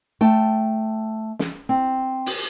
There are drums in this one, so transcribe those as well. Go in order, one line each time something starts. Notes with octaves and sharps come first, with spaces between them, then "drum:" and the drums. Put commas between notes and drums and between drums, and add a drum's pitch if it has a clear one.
A3 G5 A5
drum: snare
C4
drum: open hi-hat